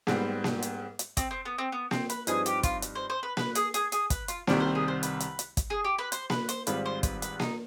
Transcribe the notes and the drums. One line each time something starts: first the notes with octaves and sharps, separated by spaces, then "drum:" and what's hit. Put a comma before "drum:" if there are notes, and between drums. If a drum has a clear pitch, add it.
G#2 G3 B3 C4, drum: snare A#3
drum: snare A#3
drum: hi-hat
drum: hi-hat
C4, drum: kick, hi-hat
C4
B3
C4
B3
C4, drum: snare A#3
B4, drum: hi-hat
G2 F3 C4 D#4 G#4 B4, drum: hi-hat
G4, drum: hi-hat
F4, drum: kick, hi-hat
drum: hi-hat
C5
C5
B4
B4, drum: snare A#3
G#4, drum: hi-hat
G#4, drum: hi-hat
G#4, drum: hi-hat
B4, drum: kick, hi-hat
F4, drum: hi-hat
C2 C3 D#3 G3 C4 D4, drum: snare A#3
C5
G#4
C5
B4, drum: hi-hat
drum: hi-hat
drum: hi-hat
drum: kick, hi-hat
G#4
G4
B4
C5, drum: hi-hat
B4, drum: snare A#3
C5, drum: hi-hat
G#1 G#2 G3 C4 F4 B4, drum: hi-hat
C5
B4, drum: kick, hi-hat
B4, drum: hi-hat
D#4, drum: snare A#3